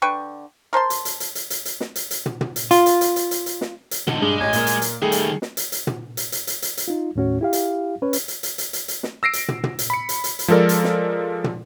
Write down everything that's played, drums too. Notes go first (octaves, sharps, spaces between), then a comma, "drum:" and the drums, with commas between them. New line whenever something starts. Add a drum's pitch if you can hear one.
D3 B4 G5 C#6
A#4 C5 A5 C6
drum: hi-hat
drum: hi-hat
drum: hi-hat
drum: hi-hat
drum: hi-hat
drum: hi-hat
drum: snare
drum: hi-hat
drum: hi-hat
drum: tom
drum: tom
drum: hi-hat
F4, drum: hi-hat
drum: hi-hat
drum: hi-hat
drum: hi-hat
drum: hi-hat
drum: hi-hat
drum: snare
drum: hi-hat
G#2 D3, drum: tom
G2 G#3 G#4
A1 D#5 G#5
A#2 A#3, drum: hi-hat
drum: hi-hat
drum: hi-hat
D#3 G3 A3 G#4
drum: hi-hat
drum: snare
drum: hi-hat
drum: hi-hat
drum: tom
drum: hi-hat
drum: hi-hat
drum: hi-hat
drum: hi-hat
drum: hi-hat
D#4 F4
D#2 A2 C#4 F#4 C#5
E4 G4 F5
drum: hi-hat
C#4 B4 C#5
drum: hi-hat
drum: hi-hat
drum: hi-hat
drum: hi-hat
drum: hi-hat
drum: hi-hat
drum: snare
E6 A#6 C7 D7
drum: hi-hat
drum: tom
drum: tom
drum: hi-hat
B5 C#7
drum: hi-hat
drum: hi-hat
drum: hi-hat
F3 G#3 A4 A#4 D5
drum: hi-hat
drum: snare
drum: tom